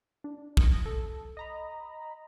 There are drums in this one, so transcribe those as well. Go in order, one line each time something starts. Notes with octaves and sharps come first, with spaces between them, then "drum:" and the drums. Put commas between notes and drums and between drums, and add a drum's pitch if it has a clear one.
D4
D#6 A#6, drum: kick
A4
D#5 A#5 B5